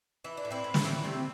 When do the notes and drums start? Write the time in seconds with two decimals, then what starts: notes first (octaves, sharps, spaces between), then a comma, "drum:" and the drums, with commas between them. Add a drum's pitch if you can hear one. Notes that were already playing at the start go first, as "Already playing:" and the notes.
0.24 E3 E4
0.37 D4
0.45 A2
0.50 C4 E4
0.64 A2
0.74 drum: snare
0.84 E3 C4 E4
1.05 C3 A3 C4